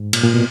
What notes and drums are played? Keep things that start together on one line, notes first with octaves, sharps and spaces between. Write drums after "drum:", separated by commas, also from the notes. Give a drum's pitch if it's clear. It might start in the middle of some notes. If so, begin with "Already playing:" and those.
Already playing: G#2
A#2, drum: cymbal
A#2
B2